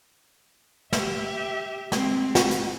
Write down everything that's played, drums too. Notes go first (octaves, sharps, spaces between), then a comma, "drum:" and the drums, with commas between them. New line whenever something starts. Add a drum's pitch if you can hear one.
G4 E5, drum: snare
G#3 C4, drum: snare
drum: snare
drum: hi-hat